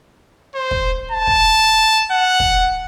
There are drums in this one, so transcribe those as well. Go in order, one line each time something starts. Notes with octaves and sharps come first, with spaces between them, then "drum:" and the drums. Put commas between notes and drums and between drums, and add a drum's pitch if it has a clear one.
C5
drum: kick
A5
drum: kick
F#5
drum: kick